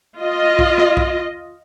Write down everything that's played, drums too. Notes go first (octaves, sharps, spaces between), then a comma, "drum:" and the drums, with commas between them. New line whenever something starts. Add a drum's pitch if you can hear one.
F4 D#5
drum: kick B1
drum: snare
drum: kick B1